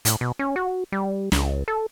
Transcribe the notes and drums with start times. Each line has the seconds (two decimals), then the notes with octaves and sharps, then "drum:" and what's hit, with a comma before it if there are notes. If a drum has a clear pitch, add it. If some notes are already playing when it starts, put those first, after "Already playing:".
0.05 A2, drum: hi-hat
0.21 B2
0.39 C#4
0.56 F#4
0.92 G3
1.32 C#2, drum: snare
1.68 A4